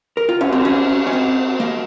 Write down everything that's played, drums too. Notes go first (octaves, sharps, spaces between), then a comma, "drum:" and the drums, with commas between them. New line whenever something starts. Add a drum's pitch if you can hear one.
A#4
F4
C#4, drum: cymbal
C4
C#4
C#4
C4
A#3